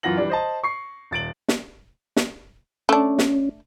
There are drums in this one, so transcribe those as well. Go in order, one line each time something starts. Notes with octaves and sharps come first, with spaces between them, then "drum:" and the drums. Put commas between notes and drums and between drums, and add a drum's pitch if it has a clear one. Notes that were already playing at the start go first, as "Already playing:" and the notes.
F#2 E3 F4 F#5 A#6 F#7
E3 G3 D4
C5 D#5 A5
C#6 C7
D#1 A6 D7 F#7
drum: snare
drum: snare
A3 C#4 D4
drum: snare